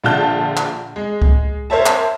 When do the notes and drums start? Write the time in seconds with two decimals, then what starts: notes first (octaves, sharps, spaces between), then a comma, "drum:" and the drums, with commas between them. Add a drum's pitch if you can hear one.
0.04 A#1 D3 F4 A5 G6
0.57 drum: clap
0.96 G#3
1.22 drum: kick C#2
1.70 A#4 C5 C#5 E5 A5
1.86 drum: clap